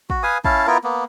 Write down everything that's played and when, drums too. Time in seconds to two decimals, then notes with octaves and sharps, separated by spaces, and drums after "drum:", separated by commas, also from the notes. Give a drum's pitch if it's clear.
0.10 F#4, drum: kick
0.23 B4 F5 G#5 D#6
0.45 C#4 E4 F5 A5, drum: kick
0.67 B3 E4 F4 A#4
0.84 A#3 B3